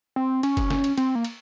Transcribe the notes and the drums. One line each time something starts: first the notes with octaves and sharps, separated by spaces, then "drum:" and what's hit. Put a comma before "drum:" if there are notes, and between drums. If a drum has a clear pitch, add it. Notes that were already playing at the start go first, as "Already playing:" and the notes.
C4
C#4, drum: cymbal
drum: kick F#1, cymbal
drum: snare
drum: cymbal
C4, drum: cymbal
A#3
drum: cymbal